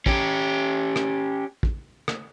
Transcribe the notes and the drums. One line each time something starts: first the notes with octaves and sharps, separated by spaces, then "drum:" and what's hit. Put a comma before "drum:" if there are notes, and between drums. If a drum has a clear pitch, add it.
C#4 G4, drum: kick
drum: rim click
drum: kick
drum: rim click